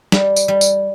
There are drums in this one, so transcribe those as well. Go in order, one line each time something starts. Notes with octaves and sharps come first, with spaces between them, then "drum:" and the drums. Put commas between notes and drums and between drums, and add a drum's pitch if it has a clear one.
G3, drum: snare
drum: tambourine
G3
drum: tambourine